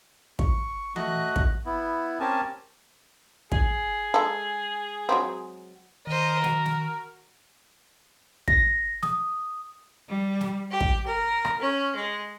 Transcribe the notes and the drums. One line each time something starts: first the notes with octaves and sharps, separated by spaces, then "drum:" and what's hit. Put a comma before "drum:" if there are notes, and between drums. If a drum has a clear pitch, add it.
C#6, drum: kick
A3 F#4 D#5 F#6, drum: tom E3
drum: kick
B3 E4
C4 C#4 G4 A#4 G#5 A5
G#4, drum: kick
G#3 A4
F#3 G#3 C4
D#3 A#4 C5 D#5
F#4, drum: snare
drum: snare
A#6, drum: kick
D#6, drum: snare
G3
drum: snare
G4
drum: kick
A#4
drum: rim click
C#4
G#3